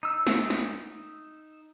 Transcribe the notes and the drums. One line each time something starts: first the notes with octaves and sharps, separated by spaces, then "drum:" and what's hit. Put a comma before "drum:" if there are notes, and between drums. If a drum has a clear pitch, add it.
D#4 E6
drum: snare
drum: snare